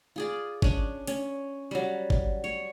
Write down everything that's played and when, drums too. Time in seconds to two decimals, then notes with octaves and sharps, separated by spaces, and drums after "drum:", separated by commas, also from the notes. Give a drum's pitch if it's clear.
0.16 F4 G#4 D5
0.62 C#4 D4, drum: kick G1
1.07 C#4, drum: hi-hat
1.71 F#3 G3
2.10 drum: kick G1
2.44 C#5